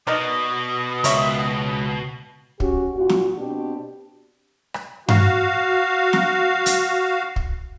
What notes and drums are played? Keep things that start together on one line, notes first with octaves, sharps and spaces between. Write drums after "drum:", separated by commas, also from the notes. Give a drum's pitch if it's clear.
B2 D#4 A#4 D5 D#6
C#2 A#4 C#5 E5, drum: hi-hat
C#4 F#4 G4, drum: kick
A#2 F4 F#4
drum: snare
B2 C4 D4 G4
drum: rim click
F#4 F5, drum: tom G2
drum: snare
drum: hi-hat
drum: kick